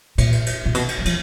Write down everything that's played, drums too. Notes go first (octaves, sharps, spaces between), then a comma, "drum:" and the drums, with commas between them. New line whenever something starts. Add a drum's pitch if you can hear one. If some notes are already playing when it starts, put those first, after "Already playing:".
A#2, drum: cymbal
drum: cymbal
drum: cymbal
A#2
B2, drum: cymbal
drum: cymbal
F#3
F3, drum: cymbal